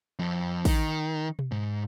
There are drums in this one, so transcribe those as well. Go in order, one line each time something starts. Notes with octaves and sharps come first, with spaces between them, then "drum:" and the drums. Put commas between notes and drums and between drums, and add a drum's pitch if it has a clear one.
F2
D#3, drum: kick A1, open hi-hat
drum: tom B2
G#2